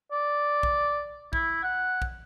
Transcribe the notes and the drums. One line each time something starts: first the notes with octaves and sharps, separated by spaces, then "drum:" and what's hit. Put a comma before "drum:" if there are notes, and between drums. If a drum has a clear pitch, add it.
D5
drum: kick
E4, drum: kick
F#5
drum: kick